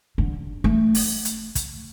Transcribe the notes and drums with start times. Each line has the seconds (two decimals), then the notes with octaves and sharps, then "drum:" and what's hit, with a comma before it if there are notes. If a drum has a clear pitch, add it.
0.18 D3
0.64 A3
0.95 drum: open hi-hat
1.25 drum: hi-hat
1.55 drum: kick, hi-hat